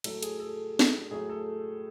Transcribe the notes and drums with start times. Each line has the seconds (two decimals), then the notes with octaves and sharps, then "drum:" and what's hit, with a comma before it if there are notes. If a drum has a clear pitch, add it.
0.04 A2 F#3 A3 A4, drum: cymbal
0.23 G#4, drum: hi-hat
0.40 A4
0.79 drum: snare
1.11 A2 F#3 A3 G#4
1.29 A4